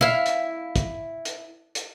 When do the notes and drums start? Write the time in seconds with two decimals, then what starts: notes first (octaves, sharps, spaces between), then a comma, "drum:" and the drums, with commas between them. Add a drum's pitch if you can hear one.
0.01 E4 F5
0.26 drum: hi-hat
0.76 drum: kick, hi-hat
1.25 drum: hi-hat
1.75 drum: hi-hat